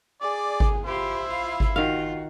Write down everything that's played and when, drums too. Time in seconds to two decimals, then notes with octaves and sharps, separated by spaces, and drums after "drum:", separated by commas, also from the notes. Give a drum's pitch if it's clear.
0.22 G#4 D5
0.60 drum: kick G#1
0.86 E4 F4 G4 C5
1.27 F4 F5
1.60 drum: kick G#1
1.76 D#3 F4 F#4 F5